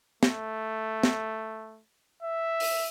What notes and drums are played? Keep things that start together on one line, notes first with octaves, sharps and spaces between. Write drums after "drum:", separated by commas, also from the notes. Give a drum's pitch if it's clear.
A3, drum: snare
drum: snare
E5
drum: open hi-hat